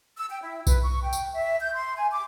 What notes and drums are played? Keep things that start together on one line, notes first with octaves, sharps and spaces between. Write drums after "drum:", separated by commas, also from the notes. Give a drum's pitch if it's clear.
E6
G5
E4
B4, drum: kick B1, tambourine
C#6
G5
drum: tambourine
E5
G6
C6
G#5
D6